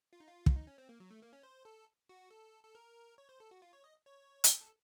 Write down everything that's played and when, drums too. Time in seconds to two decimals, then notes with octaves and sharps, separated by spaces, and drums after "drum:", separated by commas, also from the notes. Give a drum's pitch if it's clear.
0.13 F4
0.20 D#4
0.28 F4
0.46 drum: kick
0.56 D#4
0.67 C#4
0.78 C4
0.89 A#3
1.00 F#3
1.10 A3
1.22 A#3
1.33 C#4
1.43 C5
1.65 A4
2.09 F#4
2.31 A4
2.63 A4
2.75 A#4
3.18 C#5
3.29 C5
3.40 A4
3.51 F#4
3.62 F4
3.73 C#5
3.84 D#5
4.06 C#5
4.44 drum: hi-hat
4.61 A4